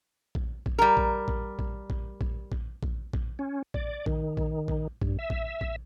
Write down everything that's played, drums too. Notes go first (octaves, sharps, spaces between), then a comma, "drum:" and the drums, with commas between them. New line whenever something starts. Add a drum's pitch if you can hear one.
drum: kick A#1
drum: kick A#1
G3 A#4
drum: kick A#1
drum: kick A#1
drum: kick A#1
drum: kick A#1
drum: kick A#1
drum: kick A#1
drum: kick A#1
drum: kick A#1
C#4
D5, drum: kick A#1
D#3, drum: kick A#1
drum: kick A#1
drum: kick A#1
G2, drum: kick A#1
E5
drum: kick A#1
drum: kick A#1